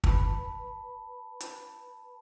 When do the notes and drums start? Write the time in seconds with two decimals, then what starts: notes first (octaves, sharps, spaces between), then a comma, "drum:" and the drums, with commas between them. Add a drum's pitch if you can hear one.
0.04 B4 A5 B5, drum: kick
1.40 drum: hi-hat